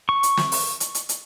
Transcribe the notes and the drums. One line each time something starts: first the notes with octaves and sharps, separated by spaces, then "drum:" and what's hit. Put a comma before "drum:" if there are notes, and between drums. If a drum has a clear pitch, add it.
C#6
drum: hi-hat
drum: snare
drum: open hi-hat
drum: hi-hat
drum: hi-hat
drum: hi-hat